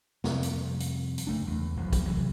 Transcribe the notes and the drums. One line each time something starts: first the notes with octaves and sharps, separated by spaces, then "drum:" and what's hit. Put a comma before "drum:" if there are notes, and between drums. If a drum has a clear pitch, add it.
F2 C3 G3, drum: snare
drum: hi-hat
drum: hi-hat
drum: hi-hat
F#1 A3 D4
E2
D#1 B1 F#2 F3
drum: kick, hi-hat
C2 E3 F#3